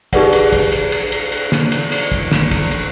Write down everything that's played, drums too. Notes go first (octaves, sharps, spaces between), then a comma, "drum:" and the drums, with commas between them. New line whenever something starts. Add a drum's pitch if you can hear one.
D#4 G4 G#4 B4 D5 F#5, drum: kick, cymbal
drum: cymbal
drum: kick, cymbal
drum: cymbal
drum: cymbal
drum: cymbal
drum: cymbal
drum: snare
drum: cymbal
drum: cymbal
drum: kick
drum: snare
drum: kick, cymbal
drum: cymbal